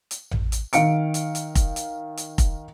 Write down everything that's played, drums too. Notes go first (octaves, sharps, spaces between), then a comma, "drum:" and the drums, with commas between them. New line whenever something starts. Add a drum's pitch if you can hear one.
drum: hi-hat
drum: tom A1
drum: hi-hat
D#3 F5 C#7 D7, drum: hi-hat
drum: hi-hat
drum: hi-hat
drum: kick F1, hi-hat
drum: hi-hat
drum: hi-hat
drum: kick F1, hi-hat